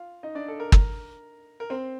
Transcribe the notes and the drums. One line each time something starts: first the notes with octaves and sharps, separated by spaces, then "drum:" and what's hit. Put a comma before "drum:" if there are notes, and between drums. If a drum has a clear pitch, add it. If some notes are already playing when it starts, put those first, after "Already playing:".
Already playing: F4 F5
D#4 D#5
D4 D5
A4
A#4
A#4, drum: kick
A#4
C4 C5